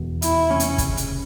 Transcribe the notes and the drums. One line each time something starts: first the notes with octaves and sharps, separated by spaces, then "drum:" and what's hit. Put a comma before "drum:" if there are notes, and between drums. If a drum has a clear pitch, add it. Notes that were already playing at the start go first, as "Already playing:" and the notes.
Already playing: E1 E2
E1 E4, drum: hi-hat
C3 C#4
drum: hi-hat
C#3, drum: kick, hi-hat
drum: hi-hat